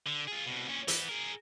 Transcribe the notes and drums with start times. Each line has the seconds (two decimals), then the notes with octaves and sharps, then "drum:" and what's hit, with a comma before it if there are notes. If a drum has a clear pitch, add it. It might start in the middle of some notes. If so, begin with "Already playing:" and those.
0.07 D3
0.28 F4 G#4
0.47 C2 B2
0.69 A#2 C#4
0.88 E3 B3, drum: hi-hat
1.09 G#4 A#4